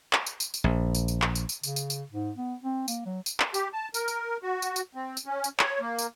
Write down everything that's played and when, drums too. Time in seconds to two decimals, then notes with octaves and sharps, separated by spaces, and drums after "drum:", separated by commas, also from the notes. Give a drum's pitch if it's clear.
0.13 drum: clap
0.26 drum: tambourine
0.40 drum: tambourine
0.54 drum: tambourine
0.64 A#1
0.95 drum: tambourine
1.08 drum: tambourine
1.22 drum: clap
1.35 drum: tambourine
1.49 drum: tambourine
1.63 C#3, drum: tambourine
1.76 drum: tambourine
1.90 drum: tambourine
2.12 G#2
2.36 B3
2.63 C4
2.88 A#3, drum: tambourine
3.06 F#3
3.26 drum: tambourine
3.40 drum: clap
3.54 G4, drum: tambourine
3.73 A5
3.94 A#4, drum: tambourine
4.08 drum: tambourine
4.43 F#4
4.62 drum: tambourine
4.76 drum: tambourine
4.95 C4
5.17 drum: tambourine
5.26 C#4
5.44 drum: tambourine
5.59 C#5, drum: clap
5.80 A#3
5.99 drum: tambourine